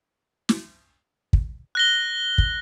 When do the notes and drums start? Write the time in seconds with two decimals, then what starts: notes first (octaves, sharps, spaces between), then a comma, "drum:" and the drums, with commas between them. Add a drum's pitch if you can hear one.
0.49 drum: snare
1.33 drum: kick
1.75 F#6 A#6 G7
2.38 drum: kick